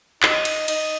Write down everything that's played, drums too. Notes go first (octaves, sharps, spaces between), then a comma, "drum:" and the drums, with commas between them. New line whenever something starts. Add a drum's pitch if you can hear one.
D#4, drum: clap
drum: cymbal
D#4, drum: cymbal